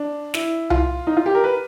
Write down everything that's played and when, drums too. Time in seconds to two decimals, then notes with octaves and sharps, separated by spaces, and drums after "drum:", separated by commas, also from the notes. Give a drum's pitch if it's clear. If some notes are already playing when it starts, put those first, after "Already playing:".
Already playing: D4
0.34 E4, drum: snare
0.70 F4, drum: tom C2
1.07 D#4
1.17 F4
1.26 G4
1.35 A#4
1.44 B4